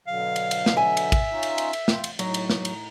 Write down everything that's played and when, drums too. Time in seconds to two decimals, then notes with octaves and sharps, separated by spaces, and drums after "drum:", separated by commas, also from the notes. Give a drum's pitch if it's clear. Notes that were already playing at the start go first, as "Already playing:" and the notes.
0.07 B2 D3 F#3 F5
0.36 drum: cymbal
0.51 drum: cymbal
0.66 drum: snare
0.77 E5 G#5
0.97 drum: cymbal
1.12 drum: kick, cymbal
1.31 C#4 D#4 F4
1.43 drum: cymbal
1.58 drum: cymbal
1.73 drum: cymbal
1.88 F4 G5, drum: snare
2.04 drum: cymbal
2.19 A2 F#3 D#4, drum: cymbal
2.34 drum: cymbal
2.50 drum: snare
2.65 drum: cymbal